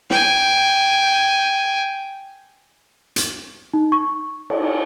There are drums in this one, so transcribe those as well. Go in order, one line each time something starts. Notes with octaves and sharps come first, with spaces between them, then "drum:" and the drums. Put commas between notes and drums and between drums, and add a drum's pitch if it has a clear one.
G5 G#5, drum: snare
drum: hi-hat
D#4
C#6
drum: cymbal